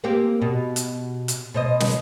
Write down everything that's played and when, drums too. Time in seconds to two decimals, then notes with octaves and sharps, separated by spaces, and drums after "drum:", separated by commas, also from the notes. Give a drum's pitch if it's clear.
0.04 A#3 C4 G4
0.42 B2
0.76 drum: hi-hat
1.28 drum: hi-hat
1.54 B2 C5 D#5
1.80 drum: snare